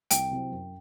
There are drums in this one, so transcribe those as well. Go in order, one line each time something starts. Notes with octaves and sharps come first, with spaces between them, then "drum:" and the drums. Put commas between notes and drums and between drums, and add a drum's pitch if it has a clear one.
C2 G5, drum: hi-hat
C3 F#3 C4 E4
F#2